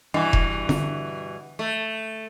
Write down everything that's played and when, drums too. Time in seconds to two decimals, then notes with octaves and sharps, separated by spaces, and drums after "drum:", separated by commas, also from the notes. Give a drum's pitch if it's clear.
0.14 G2 B2 E3
0.33 drum: kick F1
0.69 D3, drum: snare
1.59 A3